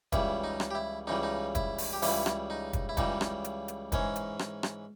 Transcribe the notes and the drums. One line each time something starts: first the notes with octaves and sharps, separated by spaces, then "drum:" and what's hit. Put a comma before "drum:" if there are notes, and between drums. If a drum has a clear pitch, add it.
C#2 C#3 E3 G3 E4, drum: kick, hi-hat
D#4
drum: rim click
G4
E4
C#2 C#3 E3 G3 D#4
D#4
E4, drum: kick, hi-hat
drum: open hi-hat
G4
C#2 C#3 E3 G3 E4, drum: open hi-hat
drum: rim click
D#4
drum: kick, hi-hat
E4
C#2 C#3 E3 G3 D#4, drum: kick, hi-hat
drum: rim click
drum: hi-hat
drum: hi-hat
G#2 E3 G#3 C#4, drum: kick, hi-hat
drum: hi-hat
drum: rim click
drum: rim click